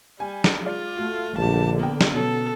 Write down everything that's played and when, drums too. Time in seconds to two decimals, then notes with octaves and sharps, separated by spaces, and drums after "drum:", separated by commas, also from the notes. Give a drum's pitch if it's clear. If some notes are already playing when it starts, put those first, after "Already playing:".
0.20 G3 G#5
0.44 drum: snare
0.63 G#3 F4 D5
0.97 A3 F#4
1.38 A#1 E2 D3 G3 A3 A5
1.79 A#3 B3 G5
2.01 drum: snare
2.13 B2 B3 C#4 F#4 A4